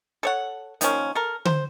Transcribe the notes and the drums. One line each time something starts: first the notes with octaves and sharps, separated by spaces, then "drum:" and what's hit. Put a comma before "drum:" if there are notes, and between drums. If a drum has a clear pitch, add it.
A4 C#5 F#5
D#3 F3 A#3 C#4, drum: hi-hat
A4 A#4
C5, drum: tom D3